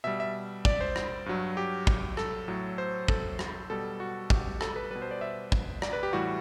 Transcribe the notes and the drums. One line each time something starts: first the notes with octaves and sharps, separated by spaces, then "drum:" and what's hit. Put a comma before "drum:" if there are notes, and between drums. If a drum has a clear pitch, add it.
B2 G3 E5
E5
D5, drum: kick
C5
drum: rim click
G2 F#3
G4
drum: kick
A4, drum: rim click
A2 F#3
C5
A4, drum: kick
drum: rim click
B2 G3 A4
F#4
G4, drum: kick
A4, drum: rim click
B4
B2 G3 B4
C5
D5
E5
drum: kick
D5, drum: rim click
B4
G4
A2 E3 G3 F#4